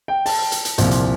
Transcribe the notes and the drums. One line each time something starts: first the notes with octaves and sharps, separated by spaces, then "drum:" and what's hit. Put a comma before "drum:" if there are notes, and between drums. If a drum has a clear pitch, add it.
G5
A5, drum: open hi-hat
drum: hi-hat
drum: hi-hat
C2 A#2 F3, drum: hi-hat
drum: hi-hat